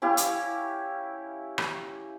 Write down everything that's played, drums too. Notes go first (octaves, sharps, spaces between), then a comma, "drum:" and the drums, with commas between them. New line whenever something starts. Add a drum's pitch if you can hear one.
C#4 E4 G4 F5
drum: hi-hat
drum: rim click